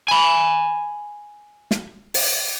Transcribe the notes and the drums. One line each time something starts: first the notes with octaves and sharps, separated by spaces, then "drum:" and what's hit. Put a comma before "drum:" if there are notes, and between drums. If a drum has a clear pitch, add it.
G#5 B5
drum: snare
drum: open hi-hat